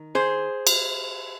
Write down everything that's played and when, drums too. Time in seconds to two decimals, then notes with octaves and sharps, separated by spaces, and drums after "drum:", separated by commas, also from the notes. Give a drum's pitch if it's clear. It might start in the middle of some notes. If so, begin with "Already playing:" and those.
Already playing: D#3
0.15 G#4 C5
0.67 drum: cymbal